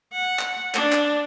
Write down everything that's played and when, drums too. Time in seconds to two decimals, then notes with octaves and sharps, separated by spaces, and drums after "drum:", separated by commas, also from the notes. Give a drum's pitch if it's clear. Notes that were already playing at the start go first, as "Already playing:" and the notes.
0.13 F#5
0.39 drum: clap
0.75 D4, drum: clap
0.92 drum: clap